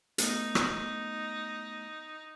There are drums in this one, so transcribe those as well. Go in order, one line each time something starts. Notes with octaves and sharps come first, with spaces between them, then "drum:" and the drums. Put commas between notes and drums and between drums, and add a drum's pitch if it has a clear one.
A3 B3 D#4, drum: hi-hat
drum: rim click